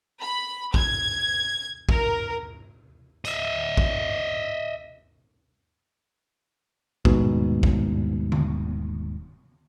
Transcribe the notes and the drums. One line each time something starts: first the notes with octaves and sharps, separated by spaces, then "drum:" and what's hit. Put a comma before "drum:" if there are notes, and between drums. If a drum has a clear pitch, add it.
B5
G#6, drum: kick
A#4, drum: kick
D#5 E5, drum: hi-hat
drum: kick
D#1 G#2 B2, drum: kick
drum: kick
drum: tom D3